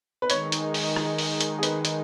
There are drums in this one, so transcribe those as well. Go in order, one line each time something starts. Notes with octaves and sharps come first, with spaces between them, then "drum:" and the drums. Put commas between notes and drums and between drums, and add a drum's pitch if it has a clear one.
B4
D#3 G#3 D#4 C#5, drum: hi-hat
drum: hi-hat
drum: open hi-hat
drum: rim click
drum: open hi-hat
drum: hi-hat
G#4
B4, drum: hi-hat
drum: hi-hat